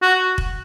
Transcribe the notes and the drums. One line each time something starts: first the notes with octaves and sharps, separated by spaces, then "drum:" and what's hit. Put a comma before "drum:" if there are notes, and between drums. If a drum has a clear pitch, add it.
F#4
drum: kick